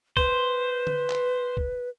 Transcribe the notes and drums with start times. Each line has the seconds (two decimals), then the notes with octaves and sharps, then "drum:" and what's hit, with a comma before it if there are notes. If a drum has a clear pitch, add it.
0.17 B4 C5, drum: kick
0.87 drum: tom D3
1.10 drum: clap
1.57 drum: kick